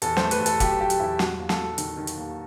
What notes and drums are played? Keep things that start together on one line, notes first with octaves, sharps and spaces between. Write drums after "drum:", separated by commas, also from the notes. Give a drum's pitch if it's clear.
E2 A4, drum: hi-hat
C5, drum: snare
A3
B4, drum: hi-hat
E2
A4, drum: hi-hat
F#3 G4, drum: kick F1, hi-hat
F#3 G4
drum: hi-hat
E2 E4
F#3 F#4, drum: snare
D#2
A4, drum: snare
F#3
D#3, drum: hi-hat
D#3
drum: hi-hat
D#2